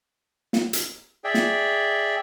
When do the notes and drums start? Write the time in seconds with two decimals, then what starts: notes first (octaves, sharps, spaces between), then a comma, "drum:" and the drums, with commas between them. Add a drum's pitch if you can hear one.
0.53 drum: snare
0.73 drum: hi-hat
1.24 G#4 D5 E5 G5
1.34 drum: snare